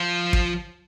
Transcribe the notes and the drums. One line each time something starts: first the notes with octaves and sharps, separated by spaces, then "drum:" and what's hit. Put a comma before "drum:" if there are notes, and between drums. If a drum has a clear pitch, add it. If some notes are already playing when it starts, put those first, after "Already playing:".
Already playing: F3
drum: kick